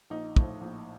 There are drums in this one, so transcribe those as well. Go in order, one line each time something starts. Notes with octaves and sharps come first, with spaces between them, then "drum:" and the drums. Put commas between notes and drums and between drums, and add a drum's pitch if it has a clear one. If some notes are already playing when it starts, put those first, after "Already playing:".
A#1 D#4
A2 F3, drum: kick
A#1